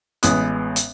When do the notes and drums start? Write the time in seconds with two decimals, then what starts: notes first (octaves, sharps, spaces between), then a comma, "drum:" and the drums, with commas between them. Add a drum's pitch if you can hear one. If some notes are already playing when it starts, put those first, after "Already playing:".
0.23 A1 G#3 B3 D#6 F#6, drum: hi-hat
0.76 drum: hi-hat